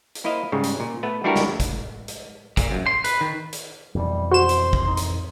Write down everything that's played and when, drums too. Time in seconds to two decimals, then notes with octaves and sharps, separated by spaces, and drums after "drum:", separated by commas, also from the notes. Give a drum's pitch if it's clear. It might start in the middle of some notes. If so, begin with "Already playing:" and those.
0.15 drum: hi-hat
0.24 A#3 E4 C5 D#5 F5
0.52 G#2 C#3 G3
0.63 drum: hi-hat
0.80 A#2
1.03 A3 B3 B4
1.24 G3 D4 E4 F#4 G4 A#4
1.36 drum: snare
1.60 drum: kick, hi-hat
2.08 drum: hi-hat
2.57 A#2, drum: kick, hi-hat
2.71 F#2
2.86 C6
3.04 B4, drum: hi-hat
3.21 D#3
3.53 drum: hi-hat
3.95 F2 B2 E3 G3
4.31 F#4 C5 C6 E7
4.49 drum: hi-hat
4.73 drum: kick
4.86 D#4
4.97 drum: hi-hat